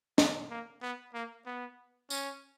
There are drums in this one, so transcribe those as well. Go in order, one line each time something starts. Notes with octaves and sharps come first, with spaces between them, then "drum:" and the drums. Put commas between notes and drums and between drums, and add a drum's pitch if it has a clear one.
B3, drum: snare
A#3
B3
A#3
B3
C#4, drum: tambourine